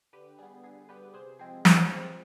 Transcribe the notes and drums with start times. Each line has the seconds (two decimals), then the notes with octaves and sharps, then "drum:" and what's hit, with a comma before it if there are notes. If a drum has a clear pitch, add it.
0.13 D3 G4 B4
0.39 G3 B3 G#4
0.63 D3 G#4
0.89 G3 B3 G4 B4
1.14 C3 G#4 C5
1.39 F3 G#3 C4 G#4
1.65 C3 G#4, drum: snare
1.90 F3 G#3 C4